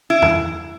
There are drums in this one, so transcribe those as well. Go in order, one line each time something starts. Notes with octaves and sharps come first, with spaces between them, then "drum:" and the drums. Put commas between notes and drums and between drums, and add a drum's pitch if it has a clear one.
E4
drum: tom